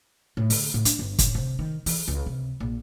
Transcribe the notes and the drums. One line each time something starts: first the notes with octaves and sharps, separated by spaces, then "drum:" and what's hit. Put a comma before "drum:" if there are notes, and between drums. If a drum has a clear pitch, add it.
A2
D3, drum: open hi-hat
A2
D4, drum: hi-hat
G1
A1, drum: kick, hi-hat
C3
D#3
E3, drum: open hi-hat
C#2
C3
A#1